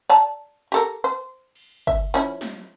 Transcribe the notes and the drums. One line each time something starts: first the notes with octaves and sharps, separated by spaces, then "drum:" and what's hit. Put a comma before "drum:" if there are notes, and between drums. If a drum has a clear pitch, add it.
D5 A5 A#5
G4 A4 A#4
C5, drum: open hi-hat
drum: cymbal
E5, drum: kick
F3 C#4 E4
drum: snare